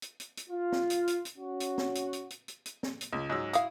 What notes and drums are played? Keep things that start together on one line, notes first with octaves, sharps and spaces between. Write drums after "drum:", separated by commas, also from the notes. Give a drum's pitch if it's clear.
drum: hi-hat
drum: hi-hat
drum: hi-hat
F4
drum: snare
drum: hi-hat
drum: hi-hat
drum: hi-hat
C#4 F#4
drum: hi-hat
drum: snare
drum: hi-hat
drum: hi-hat
drum: hi-hat
drum: hi-hat
drum: hi-hat
drum: snare
drum: hi-hat
C#2
G#2 F#3 E6
E4 F#4 F5 D#6, drum: hi-hat